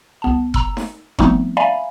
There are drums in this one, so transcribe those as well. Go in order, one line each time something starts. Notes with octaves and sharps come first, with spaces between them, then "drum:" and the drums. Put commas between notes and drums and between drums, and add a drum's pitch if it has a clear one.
C2 B3 A5
A#5 E6, drum: kick F#1
drum: snare D#4
F3 G3 A3 B3 C4 D#4, drum: kick F#1
D5 E5 F5 G#5 A#5 B5